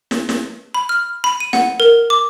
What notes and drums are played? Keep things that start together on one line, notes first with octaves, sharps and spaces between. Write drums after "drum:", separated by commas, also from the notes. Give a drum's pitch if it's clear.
drum: snare
drum: snare
B5
F6
B5
D#7
F#5, drum: snare
A#4
D6